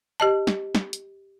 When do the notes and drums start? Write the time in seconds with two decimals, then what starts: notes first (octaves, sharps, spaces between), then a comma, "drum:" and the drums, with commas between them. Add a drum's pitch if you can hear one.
0.20 G4 D#5 A5
0.47 drum: snare
0.75 drum: snare
0.93 drum: hi-hat